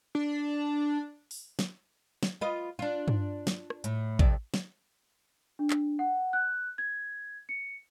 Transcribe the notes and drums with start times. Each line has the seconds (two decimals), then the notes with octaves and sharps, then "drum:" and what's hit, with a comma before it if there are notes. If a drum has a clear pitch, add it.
0.15 D4
1.31 drum: open hi-hat
1.59 drum: snare
2.23 drum: snare
2.41 F4 B4 D#5
2.79 D4 F4
3.08 drum: tom G2
3.47 drum: snare
3.70 drum: rim click
3.84 A2, drum: hi-hat
4.19 F2 C3 D5, drum: kick
4.54 drum: snare
5.59 D4
5.70 drum: clap
5.99 F#5
6.33 F#6
6.78 G#6
7.49 C#7